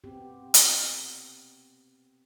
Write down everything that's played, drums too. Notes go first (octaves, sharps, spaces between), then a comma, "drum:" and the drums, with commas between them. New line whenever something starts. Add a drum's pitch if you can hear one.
B3 C4 G4
drum: hi-hat